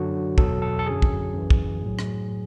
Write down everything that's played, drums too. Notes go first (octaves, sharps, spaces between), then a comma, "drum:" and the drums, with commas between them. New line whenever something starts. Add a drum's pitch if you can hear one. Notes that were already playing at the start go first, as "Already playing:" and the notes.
Already playing: F#2 D3 F#3 F#4
E2 B2 F#3 A4, drum: kick
A4
A4
F#2 D3 F#3 G#4
drum: kick
F#2 E3
drum: kick
A2 F#3
drum: rim click